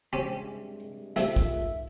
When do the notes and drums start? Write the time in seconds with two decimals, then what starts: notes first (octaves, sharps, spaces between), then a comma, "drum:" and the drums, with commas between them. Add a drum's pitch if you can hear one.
0.13 G2 C3 G#3 C4 C#4 G4
1.16 C3 D#3 G#3 A3 F4 E5, drum: snare
1.36 drum: kick